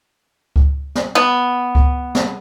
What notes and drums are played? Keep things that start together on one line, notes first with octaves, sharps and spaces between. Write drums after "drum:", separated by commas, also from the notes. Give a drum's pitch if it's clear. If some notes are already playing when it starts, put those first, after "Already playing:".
drum: kick C#2
drum: snare
B3
drum: kick C#2
drum: snare